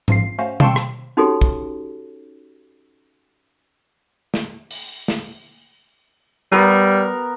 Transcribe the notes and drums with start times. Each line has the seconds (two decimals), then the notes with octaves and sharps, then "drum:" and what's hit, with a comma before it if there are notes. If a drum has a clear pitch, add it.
0.08 A1 F3 F4 C7, drum: tom G#2
0.38 A3 C#4 F#4 C5 F5
0.60 F5 G5 A5 C6 C#6 E6, drum: tom B2
0.76 drum: rim click
1.17 C#4 D#4 F#4 G4 A4 C#5
1.41 drum: kick
4.34 drum: snare
4.71 drum: open hi-hat
5.08 drum: snare
6.52 G3 B3 A#4